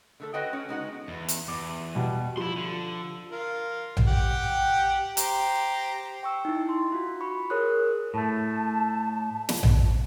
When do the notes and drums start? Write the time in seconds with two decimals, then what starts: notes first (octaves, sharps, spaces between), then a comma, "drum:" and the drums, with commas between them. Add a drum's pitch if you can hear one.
0.20 D3 A3 A4
0.34 F#4 B4 C#5 D#5 F#5 G5
0.53 C#4 C#5
0.69 G#3 B3 D#4 F#4 C#5 F#5
1.08 E2
1.28 drum: hi-hat
1.48 E2 D6
1.95 B2 G3
2.37 F3 E4 C6
2.58 D3
3.32 F4 A#4
3.97 drum: tom A#1
4.07 G4 F#5 G5
5.17 G4 C5 A#5, drum: hi-hat
6.23 G5 C#6 E6
6.45 D#4 E4
6.69 C6
6.92 F4 F#4
7.21 B5 C#6
7.50 G#4 A#4 C#5 D#6 F#6
8.14 A2 A3 A5
9.49 drum: snare
9.63 drum: tom A#1